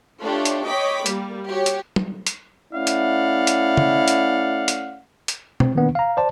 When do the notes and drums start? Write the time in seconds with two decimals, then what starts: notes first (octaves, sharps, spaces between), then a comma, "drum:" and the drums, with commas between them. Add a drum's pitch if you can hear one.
0.21 A3 D4 F4 G4 C#5
0.45 drum: hi-hat
0.66 C#5 D#5 G5 B5 D6 B6
1.06 G3 A#3, drum: hi-hat
1.48 F#4 G4 C#5
1.66 drum: hi-hat
1.96 drum: tom
2.27 drum: hi-hat
2.74 A3 C#4 E4 D5 F5 F#5
2.87 drum: hi-hat
3.47 drum: hi-hat
3.77 drum: tom
4.08 drum: hi-hat
4.68 drum: hi-hat
5.28 drum: hi-hat
5.60 C4, drum: tom B2
5.75 D#3 A#3 B3 D4
5.95 F5 A#5
6.17 C5 D5 A5